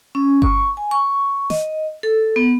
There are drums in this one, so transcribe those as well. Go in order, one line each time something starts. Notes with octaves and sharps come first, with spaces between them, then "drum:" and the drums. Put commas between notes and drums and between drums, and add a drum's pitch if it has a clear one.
C#4
C#6, drum: kick G1
G#5
C#6
D#5, drum: snare
A4
B3